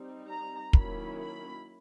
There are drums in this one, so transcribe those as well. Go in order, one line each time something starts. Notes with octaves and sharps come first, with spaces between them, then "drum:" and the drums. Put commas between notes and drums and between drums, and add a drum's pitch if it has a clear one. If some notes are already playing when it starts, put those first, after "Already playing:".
Already playing: G3 C4 D#4
A#5
D#3 F#3 A#3 C#4 E4 B5, drum: kick
B5